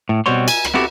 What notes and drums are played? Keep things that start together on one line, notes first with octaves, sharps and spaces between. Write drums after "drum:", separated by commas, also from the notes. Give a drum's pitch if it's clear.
A2
B2 G3 C4 F#4 C#5 C6
G#5, drum: cymbal
drum: rim click
B3 C4 E4 F#4 G4 A4